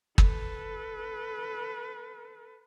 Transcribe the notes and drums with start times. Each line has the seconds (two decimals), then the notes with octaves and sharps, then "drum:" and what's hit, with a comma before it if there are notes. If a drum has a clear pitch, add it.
0.18 A4 B4, drum: kick